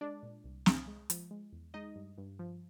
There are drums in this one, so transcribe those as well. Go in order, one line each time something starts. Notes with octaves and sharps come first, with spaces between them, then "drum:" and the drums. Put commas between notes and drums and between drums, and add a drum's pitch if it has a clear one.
G#3 D4 D5
A#2
C2
C2, drum: snare
G#3
F3, drum: hi-hat
G#3
E2
G#3 D#4 D#5
G2
G2
F3